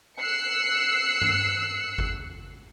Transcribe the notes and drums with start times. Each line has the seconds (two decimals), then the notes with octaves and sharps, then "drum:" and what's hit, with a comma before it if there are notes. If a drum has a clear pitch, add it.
0.19 E6 F#6 C7 C#7
1.21 drum: tom G2
1.98 drum: kick G1